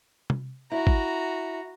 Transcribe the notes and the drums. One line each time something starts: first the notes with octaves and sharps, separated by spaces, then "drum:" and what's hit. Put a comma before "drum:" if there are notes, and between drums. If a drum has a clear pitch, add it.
drum: tom
E4 F#4 A#5
drum: kick G#1